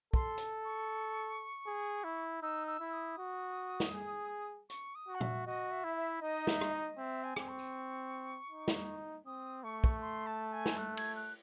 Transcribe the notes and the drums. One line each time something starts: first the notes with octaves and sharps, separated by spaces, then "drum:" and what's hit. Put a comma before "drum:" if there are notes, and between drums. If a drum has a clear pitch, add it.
A4 C6, drum: kick
drum: hi-hat
C#6
G#4
E4
D#4 E6
E6
E4
D#6
F#4
drum: snare
G#4
C#6, drum: hi-hat
D#6
F#4
F#5
E5, drum: tom A#2
F#4 D#5
E5
E4
E5
D#4 D#5
E5, drum: snare
drum: rim click
D#5
C4 E5
G#5
C4, drum: rim click
C#6
drum: tambourine
D#4
drum: snare
C4 D#6
A3 C#6
drum: kick
C6
A5
G#5
drum: snare
F#6
G#6, drum: cymbal
F#6